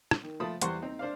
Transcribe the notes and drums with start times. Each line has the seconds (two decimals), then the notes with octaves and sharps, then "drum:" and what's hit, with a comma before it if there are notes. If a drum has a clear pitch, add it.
0.11 drum: rim click
0.23 D#3
0.40 F3 A3 F4 A5 B5 D#6
0.61 E2 G3 C5 F#5 C6 C#6, drum: hi-hat
0.82 C4 D#4
0.99 D4 C5 D5 F5